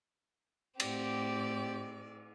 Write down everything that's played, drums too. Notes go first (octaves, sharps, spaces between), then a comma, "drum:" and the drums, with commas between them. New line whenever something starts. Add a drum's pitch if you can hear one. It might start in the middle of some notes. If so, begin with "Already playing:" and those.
A2 C4 G4 D5, drum: cymbal